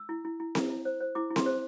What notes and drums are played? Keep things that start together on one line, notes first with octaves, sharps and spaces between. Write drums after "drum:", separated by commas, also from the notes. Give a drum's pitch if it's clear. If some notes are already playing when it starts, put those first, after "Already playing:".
Already playing: E6
E4
E4
E4
E4, drum: snare C4
E4
C5
C5
E4 D6
E4
C6, drum: snare C4
C5